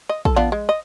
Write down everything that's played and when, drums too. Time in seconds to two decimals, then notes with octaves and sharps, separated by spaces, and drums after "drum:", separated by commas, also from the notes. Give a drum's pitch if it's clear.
0.09 D#5
0.25 A4, drum: kick
0.36 B3 D4 F4
0.52 G#3
0.69 D#5